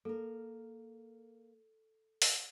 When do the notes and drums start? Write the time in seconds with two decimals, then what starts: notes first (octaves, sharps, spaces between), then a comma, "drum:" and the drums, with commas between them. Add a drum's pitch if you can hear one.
0.05 A#3 A4 A#4
2.22 drum: open hi-hat